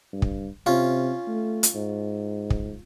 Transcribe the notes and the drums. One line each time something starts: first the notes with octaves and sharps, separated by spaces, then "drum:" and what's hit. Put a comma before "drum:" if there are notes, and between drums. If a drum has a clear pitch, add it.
G2
drum: kick
C3 C#4 F4
A3
drum: hi-hat
G#2
drum: kick